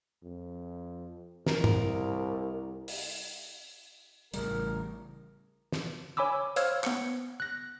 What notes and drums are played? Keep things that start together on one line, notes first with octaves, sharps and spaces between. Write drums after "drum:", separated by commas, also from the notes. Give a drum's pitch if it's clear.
F2
C2 A#4, drum: snare
drum: tom
drum: open hi-hat
A1 C#3 G3 A#4, drum: hi-hat
drum: snare
C#5 G#5 B5 D6 E6
C5 C#5 F5 E6 F6 G#6, drum: hi-hat
B3 C#7, drum: clap
F#6 A#6